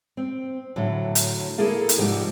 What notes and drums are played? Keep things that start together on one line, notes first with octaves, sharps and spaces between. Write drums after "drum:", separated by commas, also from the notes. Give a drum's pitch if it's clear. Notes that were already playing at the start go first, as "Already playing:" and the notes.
C4
A2 D3 F#3
drum: hi-hat
A#3 E4 G#4 A4 F5
drum: hi-hat
G#2 C3 F3 G3